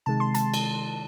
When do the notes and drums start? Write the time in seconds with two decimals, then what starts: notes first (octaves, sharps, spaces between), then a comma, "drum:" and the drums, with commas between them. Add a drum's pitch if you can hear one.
0.06 C3 D#3 G#3 A5
0.20 C6
0.35 A5, drum: hi-hat
0.54 drum: cymbal